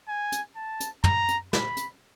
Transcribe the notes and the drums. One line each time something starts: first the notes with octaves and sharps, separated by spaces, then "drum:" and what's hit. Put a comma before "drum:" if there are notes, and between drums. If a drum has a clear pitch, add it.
G#5
drum: hi-hat
A5
drum: hi-hat
A#5, drum: tom
drum: hi-hat
B5, drum: snare
drum: hi-hat